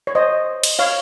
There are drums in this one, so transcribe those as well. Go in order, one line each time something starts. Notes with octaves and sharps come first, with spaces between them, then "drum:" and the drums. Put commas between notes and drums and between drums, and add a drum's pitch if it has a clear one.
C#5
C5 D#5
drum: cymbal
C#5 F5